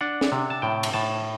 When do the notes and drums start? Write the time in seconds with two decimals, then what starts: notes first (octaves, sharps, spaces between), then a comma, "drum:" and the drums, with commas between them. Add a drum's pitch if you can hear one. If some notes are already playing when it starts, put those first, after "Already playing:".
0.01 D4 F#5
0.21 drum: snare
0.32 C3
0.50 A5
0.62 A2 G5
0.83 drum: cymbal
0.93 A2 A5